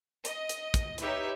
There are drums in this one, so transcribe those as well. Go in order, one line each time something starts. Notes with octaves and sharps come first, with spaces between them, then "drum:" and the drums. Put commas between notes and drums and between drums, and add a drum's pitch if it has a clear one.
D#5, drum: hi-hat
drum: hi-hat
drum: kick, hi-hat
D#4 E4 G4 B4 C#5 E5, drum: hi-hat